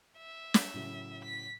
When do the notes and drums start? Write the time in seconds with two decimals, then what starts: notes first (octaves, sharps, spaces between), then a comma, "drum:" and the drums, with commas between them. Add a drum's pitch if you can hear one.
0.18 E5
0.54 drum: snare
0.74 A2 C#3 F#3
1.25 B6